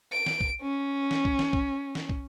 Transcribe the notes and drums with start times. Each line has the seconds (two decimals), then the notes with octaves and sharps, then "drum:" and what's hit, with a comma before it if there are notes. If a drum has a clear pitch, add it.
0.12 D7
0.26 drum: snare
0.41 drum: kick
0.62 C#4
1.11 drum: snare
1.25 drum: kick
1.39 drum: snare
1.53 drum: kick
1.95 drum: snare
2.09 drum: kick